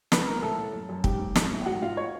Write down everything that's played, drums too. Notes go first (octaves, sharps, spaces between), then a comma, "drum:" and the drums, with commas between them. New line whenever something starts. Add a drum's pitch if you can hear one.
C#2 B4 B5, drum: snare
C#2 A#4 A#5
A2 A4 A5
A2
F#2
F#2
G#2 G4 G5, drum: kick
G#2
F#3, drum: snare
A2
G5
G#2 F#4 F#5
G#2 F4 F5
C#5